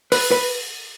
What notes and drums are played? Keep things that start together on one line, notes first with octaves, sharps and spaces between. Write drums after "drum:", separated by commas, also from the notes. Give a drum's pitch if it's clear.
B4, drum: open hi-hat
B4